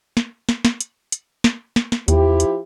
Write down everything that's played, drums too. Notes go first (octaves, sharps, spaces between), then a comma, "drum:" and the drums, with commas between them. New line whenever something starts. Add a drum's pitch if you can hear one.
drum: snare
drum: snare
drum: snare
drum: hi-hat
drum: hi-hat
drum: snare
drum: snare
drum: snare
E2 F3 E4 G4, drum: hi-hat
drum: hi-hat